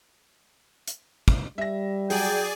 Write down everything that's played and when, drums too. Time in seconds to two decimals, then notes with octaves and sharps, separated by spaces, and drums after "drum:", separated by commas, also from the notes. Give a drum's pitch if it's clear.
0.88 drum: hi-hat
1.28 drum: kick
1.58 G3 E5 A#6
2.10 F#3 G#4 D5 G5 G#5, drum: open hi-hat